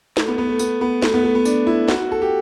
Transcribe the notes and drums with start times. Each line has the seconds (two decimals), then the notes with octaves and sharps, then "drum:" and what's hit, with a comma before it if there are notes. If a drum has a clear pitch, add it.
0.17 A3, drum: snare
0.28 B3
0.38 B3
0.49 A3
0.59 B3, drum: tambourine
0.81 B3
1.02 A3, drum: snare
1.14 B3
1.24 A3
1.35 B3
1.45 D4, drum: tambourine
1.67 E4
1.89 F#4, drum: snare
2.12 A4
2.22 G4